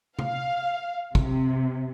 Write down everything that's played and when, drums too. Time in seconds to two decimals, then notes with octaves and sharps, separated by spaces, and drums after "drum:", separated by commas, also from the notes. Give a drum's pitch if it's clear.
0.19 F5, drum: tom C3
1.15 C3, drum: kick